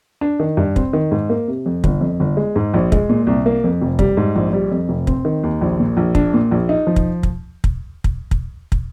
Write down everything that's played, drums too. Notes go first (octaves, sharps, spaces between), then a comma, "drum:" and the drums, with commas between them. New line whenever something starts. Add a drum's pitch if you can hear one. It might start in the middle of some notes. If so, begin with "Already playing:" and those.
D4
D#3
G2
C4, drum: kick
D#3
G#2
A#3
C3
F2
G1, drum: kick
F2
G1
G#3
G#2
A#1
G#3, drum: kick
A#2
C2
A#3
F2
F1
G3, drum: kick
G#2
A#1
G3
F2
F1
C4, drum: kick
D#3
D#2
A#1
A#2
A#1
D4, drum: kick
A#2
A#1
D#4
F3
drum: kick
drum: kick
drum: kick
drum: kick
drum: kick
drum: kick